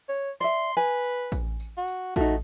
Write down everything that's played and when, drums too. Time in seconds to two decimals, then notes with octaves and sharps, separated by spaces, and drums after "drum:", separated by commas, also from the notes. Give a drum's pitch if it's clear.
0.09 C#5
0.41 D5 E5 C6
0.77 B4 G#5, drum: tambourine
1.04 drum: tambourine
1.32 drum: kick A1, tambourine
1.60 drum: tambourine
1.77 F#4
1.88 drum: tambourine
2.16 A3 D#4 F#4, drum: kick A1, tambourine